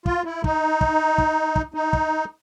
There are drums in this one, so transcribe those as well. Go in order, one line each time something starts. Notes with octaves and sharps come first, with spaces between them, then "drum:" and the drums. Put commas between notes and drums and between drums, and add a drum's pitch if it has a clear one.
F4, drum: kick
E4
D#4, drum: kick
drum: kick
drum: kick
drum: kick
D#4
drum: kick